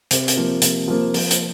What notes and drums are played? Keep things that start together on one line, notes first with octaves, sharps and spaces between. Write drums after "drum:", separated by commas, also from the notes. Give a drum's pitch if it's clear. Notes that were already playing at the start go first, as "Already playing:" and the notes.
C3, drum: hi-hat
drum: hi-hat
F3 A#3
C3, drum: hi-hat
F3 A#3
F3, drum: open hi-hat
drum: hi-hat